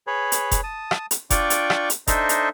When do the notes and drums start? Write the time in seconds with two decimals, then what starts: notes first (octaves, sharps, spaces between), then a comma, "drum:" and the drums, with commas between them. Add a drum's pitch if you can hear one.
0.07 G#4 B4 C#5
0.32 drum: hi-hat
0.51 drum: kick F1, hi-hat
0.64 A5 D#6
0.91 drum: rim click
1.11 drum: hi-hat
1.30 D4 F4 D5 G5 C#6 D6, drum: kick F1, hi-hat
1.50 drum: hi-hat
1.70 drum: rim click
1.90 drum: hi-hat
2.07 D4 D#4 A4 C5 D#5 E5, drum: kick F1, hi-hat
2.29 drum: hi-hat